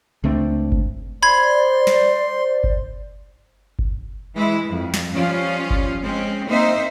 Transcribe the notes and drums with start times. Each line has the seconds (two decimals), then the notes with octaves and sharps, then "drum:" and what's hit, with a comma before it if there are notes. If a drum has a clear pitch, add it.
0.24 C#2 A3 C4 D4
0.72 drum: kick G1
1.23 C5 D5 B5 C6 G#6
1.87 drum: snare
2.64 drum: kick G1
3.79 drum: kick G1
4.34 E3 G#3 E4
4.66 F2
4.94 drum: snare
5.13 F3 G3 C#4 F4
5.70 drum: kick G1
6.01 G#3 C4 C#4
6.47 A#3 C4 D#4 C5 E5